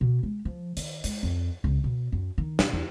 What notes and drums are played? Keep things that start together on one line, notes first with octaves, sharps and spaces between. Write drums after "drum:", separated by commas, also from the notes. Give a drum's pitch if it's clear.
B2
G#3
F3
D#3, drum: hi-hat
G#3, drum: hi-hat
F2
C#2
B2
F#2
D#3
B2, drum: snare
E2